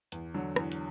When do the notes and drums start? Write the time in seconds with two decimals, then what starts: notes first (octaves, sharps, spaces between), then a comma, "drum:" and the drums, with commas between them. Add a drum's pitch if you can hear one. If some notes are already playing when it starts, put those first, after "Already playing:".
0.12 E2, drum: hi-hat
0.34 D3 F#3
0.56 E2, drum: rim click
0.72 drum: hi-hat